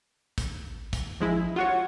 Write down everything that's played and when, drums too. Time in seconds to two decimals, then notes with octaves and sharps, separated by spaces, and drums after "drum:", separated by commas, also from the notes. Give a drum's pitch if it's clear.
0.38 drum: kick, hi-hat
0.93 drum: kick, hi-hat
1.20 F3 G#3 E4
1.56 F4 F#4 C#5 F#5